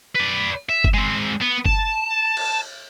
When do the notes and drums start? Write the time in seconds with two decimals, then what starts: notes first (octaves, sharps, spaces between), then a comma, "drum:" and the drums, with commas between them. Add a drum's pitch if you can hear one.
0.15 B4 D5
0.69 E5
0.84 drum: kick F#1
0.94 G#3 C4
1.42 B3
1.66 A5, drum: kick F#1
2.37 drum: cymbal